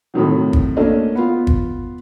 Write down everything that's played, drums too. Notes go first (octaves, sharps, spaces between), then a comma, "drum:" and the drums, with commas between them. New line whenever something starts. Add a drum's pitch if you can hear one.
A2 C3 D#3 F#3
drum: kick
A3 A#3 C#4 D4 D#5
B3 F4
drum: kick